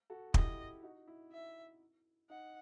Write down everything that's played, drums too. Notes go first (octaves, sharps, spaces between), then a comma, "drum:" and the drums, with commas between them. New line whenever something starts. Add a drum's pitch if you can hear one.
F#4 A4
E4 G4 D#5, drum: kick
D#4 F#4
E4
E5
D#4 F#5